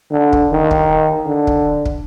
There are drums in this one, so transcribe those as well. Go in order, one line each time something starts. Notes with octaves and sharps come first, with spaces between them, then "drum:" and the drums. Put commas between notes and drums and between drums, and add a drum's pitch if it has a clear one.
D3
drum: kick
D#3
drum: kick
D3
drum: kick
drum: kick